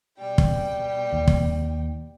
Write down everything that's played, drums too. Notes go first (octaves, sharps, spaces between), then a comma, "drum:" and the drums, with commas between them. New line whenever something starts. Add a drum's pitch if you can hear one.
B2 G3 G5
drum: kick
D#2
drum: kick